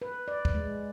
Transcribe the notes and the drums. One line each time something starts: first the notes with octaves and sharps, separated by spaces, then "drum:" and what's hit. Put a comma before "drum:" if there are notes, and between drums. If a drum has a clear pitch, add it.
B4
D5
drum: kick
G#3